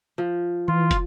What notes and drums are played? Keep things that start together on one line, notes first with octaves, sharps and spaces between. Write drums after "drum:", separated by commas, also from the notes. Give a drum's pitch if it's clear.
F3
E3 F4
drum: kick, hi-hat